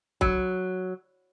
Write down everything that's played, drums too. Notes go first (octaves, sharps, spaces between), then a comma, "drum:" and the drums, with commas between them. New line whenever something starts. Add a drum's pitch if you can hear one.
F#3, drum: kick